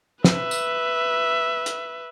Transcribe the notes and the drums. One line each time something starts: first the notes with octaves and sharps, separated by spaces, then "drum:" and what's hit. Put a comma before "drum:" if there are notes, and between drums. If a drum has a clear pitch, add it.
B4 E5, drum: snare
drum: tambourine
drum: hi-hat